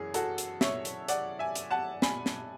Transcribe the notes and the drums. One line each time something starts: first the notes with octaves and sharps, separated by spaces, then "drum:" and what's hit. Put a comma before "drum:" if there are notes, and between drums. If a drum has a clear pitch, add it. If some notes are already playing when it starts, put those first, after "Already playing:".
Already playing: F#2 E3 G#4
F#4 A4, drum: hi-hat
drum: hi-hat
C#5 E5, drum: snare
drum: hi-hat
D5 F#5, drum: hi-hat
E5 G#5
drum: hi-hat
F#5 A5
G#5 B5, drum: snare
drum: snare